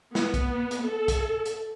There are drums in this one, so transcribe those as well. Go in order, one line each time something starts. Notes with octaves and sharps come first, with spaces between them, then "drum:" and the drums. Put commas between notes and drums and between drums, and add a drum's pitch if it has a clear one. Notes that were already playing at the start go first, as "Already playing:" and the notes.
B3, drum: snare
drum: kick, hi-hat
drum: hi-hat
A4
drum: kick, hi-hat
drum: hi-hat